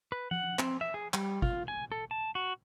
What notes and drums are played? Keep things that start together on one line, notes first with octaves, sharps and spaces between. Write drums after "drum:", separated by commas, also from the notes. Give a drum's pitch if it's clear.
B4
F#5, drum: tom F3
C4, drum: clap
E5
G#4
G3, drum: clap
F4, drum: kick
G#5
A4
A5
F#4